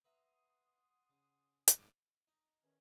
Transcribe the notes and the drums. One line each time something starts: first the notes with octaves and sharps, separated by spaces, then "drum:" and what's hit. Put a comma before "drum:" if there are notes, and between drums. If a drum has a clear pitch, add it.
B4 E5 F#5 A#5 C6 D#6
C#3
drum: hi-hat
D#4
E2 D#3 C#4